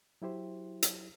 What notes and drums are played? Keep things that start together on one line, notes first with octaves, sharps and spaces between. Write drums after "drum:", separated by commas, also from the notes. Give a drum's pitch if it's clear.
F#3 E4 G4 C5
drum: hi-hat